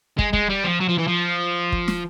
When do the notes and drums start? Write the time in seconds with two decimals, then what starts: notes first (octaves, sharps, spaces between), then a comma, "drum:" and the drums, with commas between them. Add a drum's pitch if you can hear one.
0.19 G#3, drum: kick
0.33 G#3, drum: kick
0.50 G3
0.64 F3
0.81 F#3
0.89 F3
0.98 E3
1.08 F3
1.72 drum: kick
1.88 drum: snare